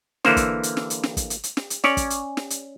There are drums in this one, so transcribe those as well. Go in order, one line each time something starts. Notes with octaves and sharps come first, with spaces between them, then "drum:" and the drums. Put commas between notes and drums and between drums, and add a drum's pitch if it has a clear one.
D3 E3 A#3 C5, drum: snare
drum: kick, hi-hat
drum: hi-hat
drum: snare
drum: hi-hat
drum: snare
drum: kick, hi-hat
drum: hi-hat
drum: hi-hat
drum: snare
drum: hi-hat
C#4 C#5 D5, drum: snare
drum: kick, hi-hat
drum: hi-hat
drum: snare
drum: hi-hat